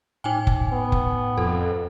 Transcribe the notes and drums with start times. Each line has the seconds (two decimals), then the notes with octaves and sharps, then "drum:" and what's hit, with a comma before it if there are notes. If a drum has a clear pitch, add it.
0.24 A2 D#4 G5 G#5
0.47 drum: kick F#1
0.73 B3
0.92 drum: kick F#1
1.38 F2 A4